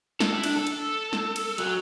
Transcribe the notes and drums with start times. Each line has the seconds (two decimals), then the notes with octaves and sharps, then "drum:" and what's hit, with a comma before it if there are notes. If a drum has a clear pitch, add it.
0.20 A4, drum: snare
0.32 E4
0.43 D4, drum: cymbal
0.56 A4
0.67 drum: cymbal
1.13 drum: snare
1.36 drum: cymbal
1.58 F#3, drum: cymbal